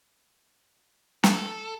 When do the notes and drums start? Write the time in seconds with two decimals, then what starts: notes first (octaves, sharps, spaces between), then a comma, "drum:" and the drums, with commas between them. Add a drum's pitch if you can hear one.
1.24 A4, drum: snare